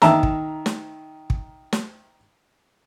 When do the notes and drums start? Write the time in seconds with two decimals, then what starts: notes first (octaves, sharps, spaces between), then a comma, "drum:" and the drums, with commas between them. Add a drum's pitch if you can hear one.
0.02 D#3 E5 A5 A#5 E6, drum: snare
0.23 drum: kick
0.66 drum: snare
1.30 drum: kick
1.73 drum: snare